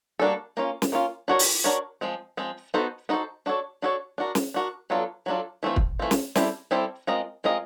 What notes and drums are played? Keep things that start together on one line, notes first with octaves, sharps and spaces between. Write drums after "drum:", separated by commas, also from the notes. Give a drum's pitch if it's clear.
G3 A#3 D4 F#4 A4
A#3 C#4 F4
drum: snare
A#3 C#4 F4
D4 F#4 A#4 C#5
drum: open hi-hat
D4 F#4 A#4 C#5
F3 G#3 C4
F3 G#3 C4
B3 D#4 F#4 A4 C5
B3 D#4 F#4 A4 C5
D4 F#4 A4 C#5
D4 F#4 A4 C#5
D4 F#4 A#4
drum: snare
D4 F#4 A#4
F#3 B3 D4 F4 A4
F#3 B3 D4 F4 A4
E3 A3 C4 F4
drum: kick
E3 A3 C4 F4
drum: snare
G3 C4 E4 A4 C5, drum: snare
G3 C4 E4 A4 C5
G#3 C4 F4 A#4 D#5
G#3 C4 F4 A#4 D#5